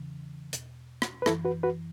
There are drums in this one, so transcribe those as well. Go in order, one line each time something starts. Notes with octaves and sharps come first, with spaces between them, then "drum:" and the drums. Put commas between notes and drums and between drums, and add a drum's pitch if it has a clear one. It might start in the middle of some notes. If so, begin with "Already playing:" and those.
Already playing: E2 C#3 E3
E2 B2, drum: hi-hat
drum: rim click
B4
F#2 E3 E4 A4, drum: rim click
F#4 B4
F#4 B4